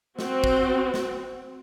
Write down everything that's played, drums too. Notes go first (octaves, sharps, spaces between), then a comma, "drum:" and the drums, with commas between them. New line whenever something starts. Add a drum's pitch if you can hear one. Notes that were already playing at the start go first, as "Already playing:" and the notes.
C4 F#4, drum: snare
drum: kick
drum: snare